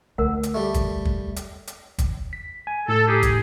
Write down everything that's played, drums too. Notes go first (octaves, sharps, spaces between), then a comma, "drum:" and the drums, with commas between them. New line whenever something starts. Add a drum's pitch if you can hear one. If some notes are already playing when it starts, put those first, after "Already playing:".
D2 A#4 F#5
drum: hi-hat
G3 A3
drum: kick, hi-hat
drum: kick
drum: hi-hat
drum: hi-hat
drum: kick, hi-hat
B6
G#5
A2 A4
D#4 G4 G#4
drum: kick, hi-hat